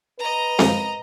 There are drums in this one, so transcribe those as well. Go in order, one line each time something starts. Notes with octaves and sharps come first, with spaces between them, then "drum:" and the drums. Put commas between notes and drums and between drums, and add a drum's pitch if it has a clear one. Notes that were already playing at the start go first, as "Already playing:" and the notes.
B4 D#5 A#5
C#2 F#2 F3, drum: snare C4